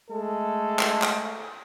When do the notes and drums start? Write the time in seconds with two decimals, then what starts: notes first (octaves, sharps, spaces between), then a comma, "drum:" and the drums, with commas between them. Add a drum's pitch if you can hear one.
0.11 G#3 A3 A4
0.79 drum: clap
1.02 drum: clap